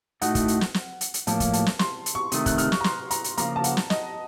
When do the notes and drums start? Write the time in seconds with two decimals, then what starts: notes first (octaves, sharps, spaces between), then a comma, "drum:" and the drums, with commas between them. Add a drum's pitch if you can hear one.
0.21 A2 A3 D#4 F#4 F#5, drum: hi-hat
0.35 drum: kick, hi-hat
0.48 drum: hi-hat
0.61 drum: snare
0.74 drum: snare
1.01 drum: hi-hat
1.14 drum: hi-hat
1.27 A2 F3 A#3 A5, drum: hi-hat
1.40 drum: kick, hi-hat
1.53 A5, drum: hi-hat
1.66 drum: snare
1.79 C6, drum: snare
2.06 drum: hi-hat
2.15 C#6
2.32 C3 D#3 A3 D#6, drum: hi-hat
2.46 F#6, drum: kick, hi-hat
2.58 F6, drum: hi-hat
2.72 C#6, drum: snare
2.81 A#5
2.84 C6, drum: snare
3.11 A#5, drum: hi-hat
3.24 drum: hi-hat
3.38 C#3 F3 A#3 A#5, drum: hi-hat
3.56 A5
3.64 F#5, drum: hi-hat
3.77 drum: snare
3.90 D#5, drum: snare